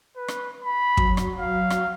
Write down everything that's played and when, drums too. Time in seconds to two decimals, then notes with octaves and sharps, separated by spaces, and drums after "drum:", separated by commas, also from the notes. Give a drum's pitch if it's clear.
0.17 B4
0.28 drum: rim click
0.64 B5
0.97 F#3, drum: kick
1.17 drum: rim click
1.40 F5
1.70 drum: rim click